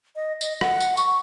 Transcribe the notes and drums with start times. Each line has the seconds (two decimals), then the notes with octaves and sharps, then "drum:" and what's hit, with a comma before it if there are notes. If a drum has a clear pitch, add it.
0.16 D#5
0.41 D#5, drum: tambourine
0.61 F#5, drum: rim click
0.80 drum: tambourine
0.97 C#6, drum: tambourine